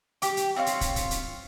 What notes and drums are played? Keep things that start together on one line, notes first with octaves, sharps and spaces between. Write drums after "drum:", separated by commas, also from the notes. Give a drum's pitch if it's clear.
G4 D6, drum: hi-hat
drum: hi-hat
C4 F4 C#5 F5
drum: hi-hat
drum: kick, hi-hat
drum: kick, hi-hat
drum: hi-hat